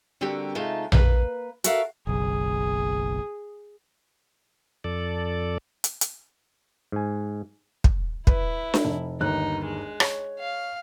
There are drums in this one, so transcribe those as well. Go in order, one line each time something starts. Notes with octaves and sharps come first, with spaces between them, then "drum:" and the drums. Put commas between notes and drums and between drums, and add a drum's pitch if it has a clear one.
D3 G3 C4 F#4 G4 A#4
C3 G#3 A3 D#4 F4 A5
A#3 B4, drum: tom A#1
F#4 A4 A#4 E5 F5, drum: hi-hat
F#1 B1 G#4
F2 A4 D5
drum: hi-hat
drum: hi-hat
G#2 G#5
drum: kick
E4 B4, drum: kick
drum: snare D4
F1
G1 D#2 D#4 F#6
G#3
C#5, drum: rim click
F5